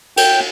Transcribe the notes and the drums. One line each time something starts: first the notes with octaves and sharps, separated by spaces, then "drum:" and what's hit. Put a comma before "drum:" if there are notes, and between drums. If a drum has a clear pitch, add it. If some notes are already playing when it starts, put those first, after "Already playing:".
G5, drum: cymbal